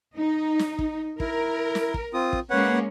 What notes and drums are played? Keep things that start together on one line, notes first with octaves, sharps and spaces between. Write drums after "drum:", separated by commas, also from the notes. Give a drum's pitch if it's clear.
D#4
drum: snare
drum: kick
E4 A#4, drum: kick
drum: snare
drum: kick
C4 F4 D#6
drum: kick
G#3 A#3 C#4 B4 C#5 F#5